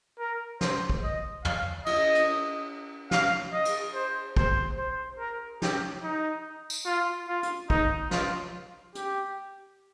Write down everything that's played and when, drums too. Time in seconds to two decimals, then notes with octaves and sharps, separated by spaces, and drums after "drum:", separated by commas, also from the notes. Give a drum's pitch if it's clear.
0.19 A#4
0.61 C5, drum: snare
0.90 drum: kick
1.03 D#5
1.45 F5, drum: tom
1.86 D#5, drum: cymbal
2.15 drum: hi-hat
3.11 F5, drum: snare
3.53 D#5
3.65 drum: cymbal
3.95 C5
4.37 C5, drum: kick
4.77 C5
5.19 A#4
5.62 G4, drum: snare
6.03 D#4
6.70 drum: tambourine
6.86 F4
7.28 F4
7.43 drum: hi-hat
7.70 D#4, drum: kick
8.11 F4, drum: snare
8.95 G4, drum: hi-hat